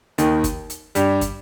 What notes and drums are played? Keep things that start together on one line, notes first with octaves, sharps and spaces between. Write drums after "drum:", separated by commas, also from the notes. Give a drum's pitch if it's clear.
D#2 D#3, drum: hi-hat
drum: kick, hi-hat
drum: hi-hat
G2 G3, drum: hi-hat
drum: kick, hi-hat